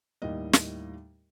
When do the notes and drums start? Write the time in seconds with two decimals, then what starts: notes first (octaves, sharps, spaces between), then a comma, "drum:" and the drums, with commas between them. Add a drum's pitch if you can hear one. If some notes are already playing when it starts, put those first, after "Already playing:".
0.22 D#2 A2 G3 D#4 D#5
0.53 drum: snare